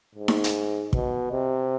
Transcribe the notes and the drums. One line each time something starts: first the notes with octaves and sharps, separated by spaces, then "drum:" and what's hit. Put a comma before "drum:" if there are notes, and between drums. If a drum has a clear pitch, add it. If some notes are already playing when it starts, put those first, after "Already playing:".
G#2
drum: snare D#4
drum: hi-hat
B2, drum: kick
C3